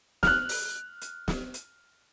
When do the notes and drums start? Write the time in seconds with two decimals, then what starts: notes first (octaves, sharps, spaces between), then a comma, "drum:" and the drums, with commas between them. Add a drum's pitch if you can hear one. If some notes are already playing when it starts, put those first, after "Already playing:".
0.23 F6 F#6, drum: snare
0.49 drum: open hi-hat
1.01 drum: hi-hat
1.28 drum: snare
1.54 drum: hi-hat